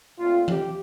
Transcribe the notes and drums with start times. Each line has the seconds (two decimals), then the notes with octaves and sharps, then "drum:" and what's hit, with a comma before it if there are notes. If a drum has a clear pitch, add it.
0.19 A#2 A3 C4 F4
0.48 G4, drum: tom E3